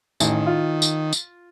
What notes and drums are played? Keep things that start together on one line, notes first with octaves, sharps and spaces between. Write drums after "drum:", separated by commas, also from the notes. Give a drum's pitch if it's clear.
A1 D#3, drum: tambourine
F4
drum: tambourine
drum: tambourine